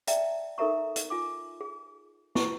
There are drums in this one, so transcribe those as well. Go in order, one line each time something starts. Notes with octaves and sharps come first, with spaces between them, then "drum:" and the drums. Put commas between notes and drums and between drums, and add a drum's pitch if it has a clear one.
D5 E5 G5 A5 A#5, drum: hi-hat
D#4 A4 A#4 E5 A#5 C#6
drum: hi-hat
F4 G#5 D6
G#4
E4 C#6, drum: snare